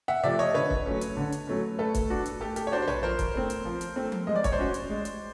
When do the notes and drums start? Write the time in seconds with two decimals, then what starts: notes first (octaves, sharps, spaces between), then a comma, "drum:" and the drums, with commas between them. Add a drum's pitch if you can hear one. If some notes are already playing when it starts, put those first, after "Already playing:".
0.08 E5 F#5
0.23 C3 F3 A3 D5 E5
0.39 C#5 D#5
0.54 D3 B4 C#5
0.70 drum: kick
0.86 F#3 A3 C#4
1.01 drum: hi-hat
1.17 D3
1.32 drum: hi-hat
1.47 F#3 A3 C#4
1.79 A3 A4 B4
1.94 drum: kick, hi-hat
2.10 D4 F#4
2.26 drum: hi-hat
2.41 A3 G4 A4
2.56 G4 A4, drum: hi-hat
2.67 C#5
2.72 D4 F#4 C5 D5
2.82 C5
2.88 B4 C#5, drum: tom A#1
3.03 F3 A#4 C5
3.19 drum: kick, hi-hat
3.34 A3 C4
3.50 drum: hi-hat
3.65 F3
3.81 drum: hi-hat
3.96 A3 C4
4.12 drum: tom F3
4.27 G#3 D#5
4.36 D5
4.44 C#5, drum: kick, hi-hat
4.52 C5 D5
4.59 C#4 F#4
4.74 drum: hi-hat
4.90 G#3
5.05 drum: hi-hat